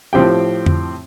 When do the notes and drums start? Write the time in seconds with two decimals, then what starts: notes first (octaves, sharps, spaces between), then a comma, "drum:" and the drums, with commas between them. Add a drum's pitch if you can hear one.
0.13 A2 F3 C4 G4 G5
0.66 drum: tom F2